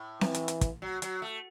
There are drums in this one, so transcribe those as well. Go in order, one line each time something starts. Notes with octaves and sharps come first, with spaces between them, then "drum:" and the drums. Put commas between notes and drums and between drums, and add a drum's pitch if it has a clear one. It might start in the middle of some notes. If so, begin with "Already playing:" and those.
Already playing: A2
E3, drum: snare C4
drum: hi-hat
drum: hi-hat
drum: kick, hi-hat
F#3
F#3, drum: hi-hat
A3